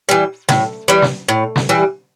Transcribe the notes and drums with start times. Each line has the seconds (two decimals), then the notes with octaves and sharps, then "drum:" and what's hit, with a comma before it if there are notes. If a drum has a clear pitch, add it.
0.09 E3 G3
0.49 A2, drum: snare
0.88 E3 G3
1.02 drum: snare
1.29 A2
1.56 drum: snare
1.69 E3 G3